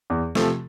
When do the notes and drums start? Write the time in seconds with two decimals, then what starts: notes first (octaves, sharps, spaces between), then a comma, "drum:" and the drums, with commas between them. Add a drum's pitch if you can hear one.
0.10 E2
0.35 C3 F3 A3, drum: snare